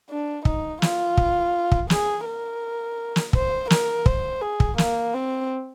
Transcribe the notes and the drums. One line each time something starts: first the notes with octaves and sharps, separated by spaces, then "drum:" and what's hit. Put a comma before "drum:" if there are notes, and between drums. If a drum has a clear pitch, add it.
D4
D#4, drum: kick
F4, drum: snare
drum: kick
drum: kick
G#4, drum: snare
A#4
drum: snare
C5, drum: kick
A#4, drum: snare
C5, drum: kick
G#4
drum: kick
A#3, drum: snare
C4